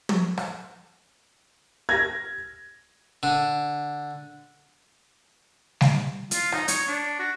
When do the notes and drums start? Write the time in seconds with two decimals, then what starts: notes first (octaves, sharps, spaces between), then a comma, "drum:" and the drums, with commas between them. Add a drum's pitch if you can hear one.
0.09 drum: tom
0.38 drum: rim click
1.89 G#6 A#6
3.23 D3
5.81 drum: snare
6.31 F4, drum: hi-hat
6.52 D#4, drum: rim click
6.68 C#5, drum: hi-hat
6.87 D4
7.19 F#4